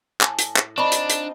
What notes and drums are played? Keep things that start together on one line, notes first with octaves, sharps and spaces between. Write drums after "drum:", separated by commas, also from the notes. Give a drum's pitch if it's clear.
A2 G#5 A5, drum: clap
drum: hi-hat
drum: clap
C4 D4 D#4 F4 A5 B5 C#6
drum: hi-hat
drum: hi-hat